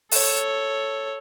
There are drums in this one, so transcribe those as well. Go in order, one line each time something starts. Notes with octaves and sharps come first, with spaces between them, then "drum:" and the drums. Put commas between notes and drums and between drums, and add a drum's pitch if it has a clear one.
A4 C#5, drum: open hi-hat